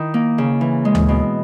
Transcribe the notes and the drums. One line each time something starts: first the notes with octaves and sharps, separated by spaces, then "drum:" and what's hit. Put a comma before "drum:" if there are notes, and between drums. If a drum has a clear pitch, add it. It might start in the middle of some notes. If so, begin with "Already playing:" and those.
Already playing: D#3 E4
A#3
C#3
E3
G#3
drum: tom D2
B2